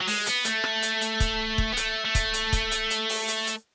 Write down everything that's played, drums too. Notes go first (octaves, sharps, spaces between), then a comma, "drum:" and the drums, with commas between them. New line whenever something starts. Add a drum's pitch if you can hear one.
F#3
G#3, drum: open hi-hat
B3, drum: hi-hat
A3, drum: hi-hat
drum: rim click
drum: hi-hat
drum: hi-hat
drum: kick, hi-hat
drum: kick
B3
A3, drum: hi-hat
A3
drum: kick, hi-hat
drum: hi-hat
drum: kick, hi-hat
drum: hi-hat
drum: hi-hat
drum: open hi-hat
drum: hi-hat
drum: hi-hat